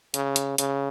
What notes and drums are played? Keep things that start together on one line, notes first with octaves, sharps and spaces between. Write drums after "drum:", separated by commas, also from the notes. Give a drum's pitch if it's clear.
C#3, drum: hi-hat
drum: hi-hat
C#3, drum: hi-hat